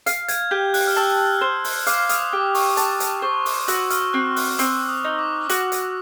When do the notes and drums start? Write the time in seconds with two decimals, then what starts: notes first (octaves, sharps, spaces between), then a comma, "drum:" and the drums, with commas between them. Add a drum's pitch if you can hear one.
0.06 F5, drum: hi-hat
0.28 G#6, drum: hi-hat
0.51 G4 G6
0.74 F#6, drum: open hi-hat
0.87 F6
0.96 A5 E6
1.41 C5
1.64 drum: open hi-hat
1.87 F5 D6, drum: hi-hat
2.09 D#6, drum: hi-hat
2.33 G4 D6
2.55 C#6, drum: open hi-hat
2.77 A5 D6, drum: hi-hat
3.00 drum: hi-hat
3.22 C5 C#6
3.46 D6, drum: open hi-hat
3.68 F#4 E6, drum: hi-hat
3.90 F6, drum: hi-hat
4.13 C4 F#6
4.36 F#6, drum: open hi-hat
4.59 C4 E6, drum: hi-hat
4.89 D#6
5.04 D#4
5.19 D6
5.49 F#4 D6, drum: hi-hat
5.72 drum: hi-hat